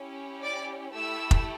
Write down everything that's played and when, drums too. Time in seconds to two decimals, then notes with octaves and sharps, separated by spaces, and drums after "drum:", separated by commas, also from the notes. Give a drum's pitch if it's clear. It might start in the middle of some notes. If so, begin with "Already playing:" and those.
Already playing: C#4 E4 G4
0.42 D5 D6
0.94 A3 E4 G4 E5 E6
1.31 drum: kick F1